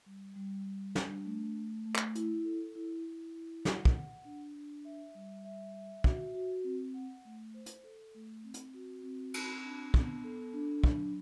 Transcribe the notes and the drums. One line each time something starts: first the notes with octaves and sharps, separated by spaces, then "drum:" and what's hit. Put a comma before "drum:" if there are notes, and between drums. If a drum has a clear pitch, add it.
G3
G3
G3
D4, drum: snare
A3
A3
A3
drum: clap
E4, drum: hi-hat
A4
E4
E4
E4
F#5, drum: snare
drum: kick
F#5
D4
D4
E5
G3
E5
E5
F#4, drum: kick
F#4
C4
F#5
A3
C5
drum: hi-hat
A4
A3
C4
drum: hi-hat
F#4
C4
C4, drum: cymbal
D4
B3, drum: kick
A4
D4
F#3, drum: kick